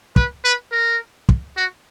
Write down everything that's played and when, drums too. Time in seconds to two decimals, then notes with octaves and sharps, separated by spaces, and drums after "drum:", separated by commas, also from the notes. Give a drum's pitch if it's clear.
0.16 B4, drum: kick
0.44 B4
0.72 A#4
1.29 drum: kick
1.56 F#4